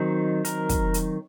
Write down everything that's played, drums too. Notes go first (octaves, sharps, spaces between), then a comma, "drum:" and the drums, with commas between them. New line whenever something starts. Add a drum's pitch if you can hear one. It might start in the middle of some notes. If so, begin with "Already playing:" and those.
Already playing: D#3 F#3 C4 D#4
A#4, drum: hi-hat
drum: kick, hi-hat
drum: hi-hat